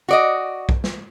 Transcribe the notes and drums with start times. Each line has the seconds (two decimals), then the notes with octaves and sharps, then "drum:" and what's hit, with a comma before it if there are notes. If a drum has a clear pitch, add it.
0.08 F#4 D5 D#5
0.69 drum: kick
0.84 drum: snare